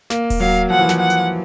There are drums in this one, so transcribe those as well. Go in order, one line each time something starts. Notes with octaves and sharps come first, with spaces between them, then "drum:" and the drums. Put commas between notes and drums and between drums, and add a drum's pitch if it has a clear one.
A#3, drum: snare
drum: kick D#1, open hi-hat
F#3 F5
F3 F#5
E3
F3, drum: snare
F#5
drum: hi-hat